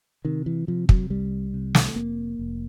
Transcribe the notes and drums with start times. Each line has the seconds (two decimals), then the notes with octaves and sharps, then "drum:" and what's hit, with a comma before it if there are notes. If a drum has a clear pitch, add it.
0.25 C3 D#3
0.46 E3
0.67 C3 F3
0.89 F#3, drum: kick
1.10 C2 G3
1.54 C3
1.75 drum: snare
1.95 F1 A#3
2.39 F1